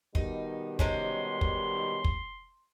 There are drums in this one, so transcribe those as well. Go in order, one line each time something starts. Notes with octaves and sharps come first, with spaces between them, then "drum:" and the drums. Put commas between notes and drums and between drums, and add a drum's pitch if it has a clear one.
B2 D#3 G3 D#4, drum: kick
C3 G#3 C#4 C6, drum: kick
drum: kick
drum: kick